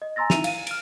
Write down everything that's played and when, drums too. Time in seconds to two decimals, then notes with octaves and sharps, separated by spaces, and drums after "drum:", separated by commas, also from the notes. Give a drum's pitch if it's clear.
0.02 D#5
0.16 G#5 A#5 C6 E6 A6 A#6
0.30 D#4 E4 E5 D#7 F7, drum: snare
0.44 F5 D#7, drum: cymbal
0.67 F6 D7, drum: cymbal